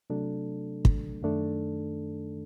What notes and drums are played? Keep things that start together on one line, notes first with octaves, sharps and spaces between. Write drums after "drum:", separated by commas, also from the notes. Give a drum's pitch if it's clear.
C3 F#3 A3 D4 A4
drum: kick
F#2 D#3 A3 D4 A4